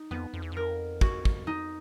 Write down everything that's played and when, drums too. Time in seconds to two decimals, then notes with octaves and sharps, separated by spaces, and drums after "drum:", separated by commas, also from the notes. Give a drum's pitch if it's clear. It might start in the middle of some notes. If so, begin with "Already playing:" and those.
Already playing: D#4
0.11 F2 B3
0.34 F2
0.42 E2
0.52 F2 A#4
1.01 F#4, drum: kick
1.25 drum: kick
1.47 D#4